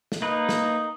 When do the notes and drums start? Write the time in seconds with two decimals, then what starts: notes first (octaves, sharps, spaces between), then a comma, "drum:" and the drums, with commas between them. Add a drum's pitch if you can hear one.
0.12 drum: snare
0.22 A#3 D#4 B4
0.49 drum: snare